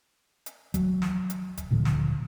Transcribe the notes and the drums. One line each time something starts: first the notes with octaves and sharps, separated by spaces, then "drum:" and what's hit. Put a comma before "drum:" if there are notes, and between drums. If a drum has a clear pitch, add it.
drum: hi-hat
F#3, drum: kick E1, hi-hat
drum: snare
drum: hi-hat
drum: kick E1, hi-hat
D1 A#2 D3 F3
drum: snare